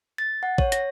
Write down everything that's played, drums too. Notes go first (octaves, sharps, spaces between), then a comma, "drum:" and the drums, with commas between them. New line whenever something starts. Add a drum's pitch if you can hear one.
A6
F#5
C#5, drum: kick
A#6, drum: hi-hat